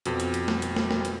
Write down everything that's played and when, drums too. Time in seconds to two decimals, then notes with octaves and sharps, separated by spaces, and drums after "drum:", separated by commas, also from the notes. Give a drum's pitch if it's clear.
0.05 F2 B2, drum: hi-hat
0.20 drum: hi-hat
0.34 drum: hi-hat
0.48 drum: snare
0.62 drum: hi-hat
0.76 drum: snare
0.91 drum: snare
1.05 drum: hi-hat